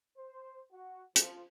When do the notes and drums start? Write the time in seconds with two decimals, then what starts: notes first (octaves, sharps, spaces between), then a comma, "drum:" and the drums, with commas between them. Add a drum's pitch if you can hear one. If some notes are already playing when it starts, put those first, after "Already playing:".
0.17 C5
0.72 F#4
1.16 F3, drum: hi-hat